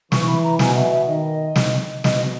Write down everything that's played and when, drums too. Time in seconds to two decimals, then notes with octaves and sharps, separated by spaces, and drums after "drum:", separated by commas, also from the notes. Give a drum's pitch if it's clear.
0.12 E3 C#6, drum: snare
0.27 B5
0.44 A#5
0.59 B2 G#5, drum: snare
0.76 E5
0.91 E5
1.07 D#3 D#5
1.56 drum: snare
2.04 B2 D#5, drum: snare